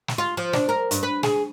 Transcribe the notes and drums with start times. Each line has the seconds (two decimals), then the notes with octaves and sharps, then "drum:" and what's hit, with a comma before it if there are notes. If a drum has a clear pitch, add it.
0.08 drum: snare
0.18 F4
0.37 F3
0.53 D4, drum: snare
0.69 A#4
0.91 G2, drum: hi-hat
1.03 B4
1.23 G#4, drum: snare